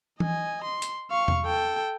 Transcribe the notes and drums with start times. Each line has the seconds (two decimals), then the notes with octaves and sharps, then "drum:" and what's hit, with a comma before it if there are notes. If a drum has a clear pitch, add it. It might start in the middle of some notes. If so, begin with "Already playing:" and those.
0.20 D#5 G#5, drum: tom E3
0.64 C6
0.82 drum: hi-hat
1.10 F5 C#6
1.28 drum: tom E2
1.45 A4 G5